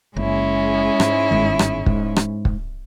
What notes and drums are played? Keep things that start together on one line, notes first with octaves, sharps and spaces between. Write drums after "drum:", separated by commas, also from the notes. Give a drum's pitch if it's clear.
F#1 G#3 C#4 E4
G#2, drum: rim click
G1 G#2 D#3
drum: rim click
G#2, drum: kick
drum: rim click
drum: kick